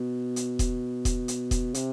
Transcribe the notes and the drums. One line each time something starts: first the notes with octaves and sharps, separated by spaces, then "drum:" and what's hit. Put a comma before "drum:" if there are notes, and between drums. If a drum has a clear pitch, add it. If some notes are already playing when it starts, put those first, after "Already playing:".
Already playing: B2
drum: hi-hat
drum: kick E1, hi-hat
drum: kick E1, hi-hat
drum: hi-hat
drum: kick E1, hi-hat
C3, drum: hi-hat